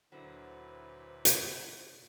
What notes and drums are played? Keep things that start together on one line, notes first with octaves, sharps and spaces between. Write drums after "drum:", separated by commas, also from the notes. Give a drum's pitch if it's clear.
D2 A#2 D3 F#3 E4 B4 C5
drum: hi-hat